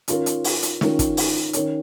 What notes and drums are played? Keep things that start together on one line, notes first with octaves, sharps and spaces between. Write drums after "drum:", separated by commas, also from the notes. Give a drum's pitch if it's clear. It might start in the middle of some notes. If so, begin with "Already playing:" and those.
D#3 C#4 F4 A#4, drum: hi-hat
drum: hi-hat
drum: open hi-hat
drum: hi-hat
D#3 C#4 F4 A#4, drum: snare
drum: kick, hi-hat
drum: open hi-hat
D#3 C#4 A#4 C#5, drum: hi-hat